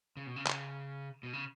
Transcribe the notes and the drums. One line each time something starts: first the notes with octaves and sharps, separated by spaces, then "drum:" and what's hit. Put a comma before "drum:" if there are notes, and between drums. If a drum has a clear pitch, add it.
C#3
B2
C#3
C#3, drum: clap
B2
C#3